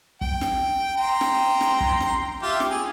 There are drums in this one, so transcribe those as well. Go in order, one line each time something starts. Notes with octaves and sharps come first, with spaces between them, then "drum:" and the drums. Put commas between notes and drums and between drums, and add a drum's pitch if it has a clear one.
G5, drum: kick
drum: snare
G5 A#5 C6
drum: snare
drum: snare
drum: kick
drum: snare
F4 G4 E5
drum: snare
G#4